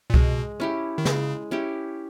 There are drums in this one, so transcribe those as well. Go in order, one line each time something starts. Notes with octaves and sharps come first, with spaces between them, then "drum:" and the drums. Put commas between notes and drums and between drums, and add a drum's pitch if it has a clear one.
A#2
B2 G#3, drum: kick C2
C#4 E4 G4
D#3
C#3 G#3, drum: snare
C#4 E4 G4